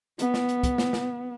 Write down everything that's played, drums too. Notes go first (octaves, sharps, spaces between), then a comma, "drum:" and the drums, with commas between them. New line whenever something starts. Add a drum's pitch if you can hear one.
B3, drum: hi-hat
drum: snare
drum: hi-hat
drum: kick, hi-hat
drum: snare
drum: snare